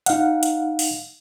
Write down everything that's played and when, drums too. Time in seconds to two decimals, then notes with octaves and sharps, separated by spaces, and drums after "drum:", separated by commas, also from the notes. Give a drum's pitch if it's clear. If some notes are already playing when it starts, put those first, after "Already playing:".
0.06 D#4 F5 F#5, drum: hi-hat
0.43 drum: hi-hat
0.79 drum: open hi-hat